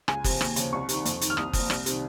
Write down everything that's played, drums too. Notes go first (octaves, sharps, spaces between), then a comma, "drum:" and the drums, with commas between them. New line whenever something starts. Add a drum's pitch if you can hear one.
C#2 G#5, drum: rim click
C3 F3, drum: kick F#1, open hi-hat
D#2, drum: rim click
C#3 F3, drum: hi-hat
C2 C#6
C3 D#3, drum: hi-hat
F2, drum: hi-hat
D#3, drum: hi-hat
F6
C2 D#6, drum: rim click
A#2 F3, drum: kick F#1, open hi-hat
C2, drum: rim click
C3 D#3, drum: hi-hat